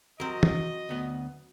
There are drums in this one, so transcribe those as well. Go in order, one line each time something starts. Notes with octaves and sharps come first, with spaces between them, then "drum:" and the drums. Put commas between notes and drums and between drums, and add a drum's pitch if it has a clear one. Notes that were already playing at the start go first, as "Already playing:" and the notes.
F#3 C4 A#4 D#5
drum: tom
D2 B3